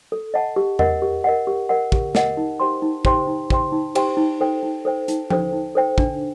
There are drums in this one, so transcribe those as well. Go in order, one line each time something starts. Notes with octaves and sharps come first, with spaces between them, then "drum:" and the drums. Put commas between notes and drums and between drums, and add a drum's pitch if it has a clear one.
A4
D#5 F#5 A5
G4
A#4 D#5 F#5, drum: tom E2
G4
A#4 D#5 F#5
G4
A#4 D#5 F#5
G4, drum: kick
A#4 D#5 F#5, drum: snare
D#4
G4 C5 G5 C6
D#4
G4 C5 G5 C6, drum: kick
D#4
G4 C5 G5 C6, drum: kick
D#4
G4 C5 G5 C6, drum: cymbal
D#4
A4 C5 G5
D#4
A4 C5 G5
D#4, drum: hi-hat
A4 C5 G5, drum: tom F3
D#4
A4 C5 G5
D4, drum: kick